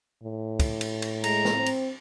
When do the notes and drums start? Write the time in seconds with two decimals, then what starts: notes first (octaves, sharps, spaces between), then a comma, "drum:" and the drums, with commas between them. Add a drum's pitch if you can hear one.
0.23 A2
0.60 drum: kick, cymbal
0.81 drum: cymbal
1.02 drum: cymbal
1.24 G#3 A#5, drum: cymbal
1.45 drum: snare
1.56 C4
1.66 drum: cymbal